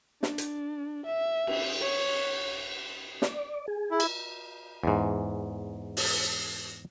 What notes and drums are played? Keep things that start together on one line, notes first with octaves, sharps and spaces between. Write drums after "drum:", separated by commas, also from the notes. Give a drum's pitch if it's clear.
D4, drum: snare
drum: hi-hat
E5
drum: cymbal
C#5
D5, drum: snare
G#4
E4
drum: cymbal
E2 G#2
drum: open hi-hat